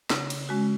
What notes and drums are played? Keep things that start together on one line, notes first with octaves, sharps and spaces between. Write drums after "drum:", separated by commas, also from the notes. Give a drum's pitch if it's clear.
C#3, drum: snare
drum: cymbal
G#3 C#4 F#4